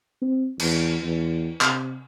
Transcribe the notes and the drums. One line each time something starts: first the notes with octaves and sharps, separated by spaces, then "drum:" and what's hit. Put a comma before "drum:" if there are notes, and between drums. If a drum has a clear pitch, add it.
C4
E2, drum: cymbal
E2
C3, drum: clap